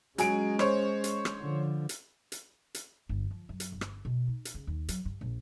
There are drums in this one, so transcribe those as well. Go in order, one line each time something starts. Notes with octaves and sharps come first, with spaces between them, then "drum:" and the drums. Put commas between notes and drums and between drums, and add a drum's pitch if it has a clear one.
F#3 G#3 C#4 G#4 D7, drum: hi-hat
C5 C#5, drum: rim click
drum: hi-hat
drum: rim click
D3 F3
drum: hi-hat
drum: hi-hat
drum: hi-hat
G1
F3
F#2
drum: hi-hat
G1
drum: rim click
B2
D#4
drum: hi-hat
C#3
D#2
F#3, drum: hi-hat
G2
A#1